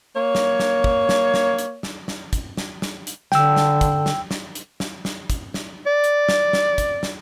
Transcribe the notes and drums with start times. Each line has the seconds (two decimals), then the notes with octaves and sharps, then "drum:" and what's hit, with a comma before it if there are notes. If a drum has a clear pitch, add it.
0.16 A#3 C#5
0.35 drum: snare
0.60 drum: snare
0.84 drum: kick
1.09 drum: snare
1.34 drum: snare
1.58 drum: hi-hat
1.83 drum: snare
2.08 drum: snare
2.33 drum: kick, hi-hat
2.57 drum: snare
2.82 drum: snare
3.07 drum: hi-hat
3.32 D3 G5 E6, drum: snare
3.56 drum: snare
3.81 drum: kick, hi-hat
4.06 drum: snare
4.31 drum: snare
4.55 drum: hi-hat
4.80 drum: snare
5.05 drum: snare
5.30 drum: kick, hi-hat
5.54 drum: snare
5.87 D5
6.04 drum: hi-hat
6.29 drum: snare
6.53 drum: snare
6.78 drum: kick, hi-hat
7.03 drum: snare